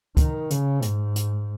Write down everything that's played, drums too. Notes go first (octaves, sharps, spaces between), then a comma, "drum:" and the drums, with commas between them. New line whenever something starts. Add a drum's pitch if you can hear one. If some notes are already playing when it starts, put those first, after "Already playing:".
D#3, drum: kick, hi-hat
C#3, drum: hi-hat
G#2, drum: hi-hat
drum: hi-hat